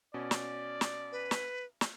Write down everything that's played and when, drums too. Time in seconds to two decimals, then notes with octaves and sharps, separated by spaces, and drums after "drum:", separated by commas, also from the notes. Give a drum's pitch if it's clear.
0.14 B2 C#4 D5
0.31 drum: snare
0.81 drum: snare
1.12 B4
1.31 drum: snare
1.81 drum: snare